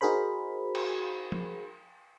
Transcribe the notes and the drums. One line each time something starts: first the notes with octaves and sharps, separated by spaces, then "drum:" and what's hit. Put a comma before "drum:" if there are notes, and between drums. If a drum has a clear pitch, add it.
D#4 F#4 G#4 A#4 C5 B5
drum: cymbal
drum: tom